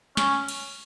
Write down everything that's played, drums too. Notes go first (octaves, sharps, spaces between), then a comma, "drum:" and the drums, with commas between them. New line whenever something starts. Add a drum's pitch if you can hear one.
C#4, drum: snare
drum: cymbal